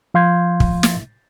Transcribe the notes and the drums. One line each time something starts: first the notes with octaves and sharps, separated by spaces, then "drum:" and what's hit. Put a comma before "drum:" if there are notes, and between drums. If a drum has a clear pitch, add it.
F3 F5 C6 G6 G#6
drum: kick
drum: snare